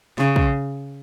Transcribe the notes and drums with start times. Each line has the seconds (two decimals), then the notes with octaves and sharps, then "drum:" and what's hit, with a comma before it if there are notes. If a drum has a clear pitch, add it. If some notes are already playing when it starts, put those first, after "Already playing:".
0.18 C#3, drum: snare
0.36 drum: kick